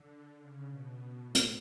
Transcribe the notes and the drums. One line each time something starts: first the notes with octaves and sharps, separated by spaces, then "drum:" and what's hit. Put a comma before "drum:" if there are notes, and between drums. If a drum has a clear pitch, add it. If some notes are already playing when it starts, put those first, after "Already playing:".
Already playing: D3
C#3
B2
A2
drum: hi-hat